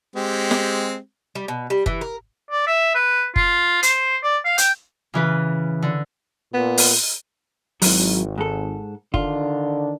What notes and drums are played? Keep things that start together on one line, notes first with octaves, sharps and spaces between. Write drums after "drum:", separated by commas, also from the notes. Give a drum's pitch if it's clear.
G#3 C4 G4
drum: snare
G3
B2
G3
E3, drum: kick
A#4
D5
E5
B4
F4, drum: kick
C5, drum: hi-hat
D5
F5
G5, drum: hi-hat
C#3 E3 B4
D3
A#2 B3
drum: open hi-hat
G#1 F#3 E4, drum: open hi-hat
G#2 A4
D3 D#3 D4 F4, drum: kick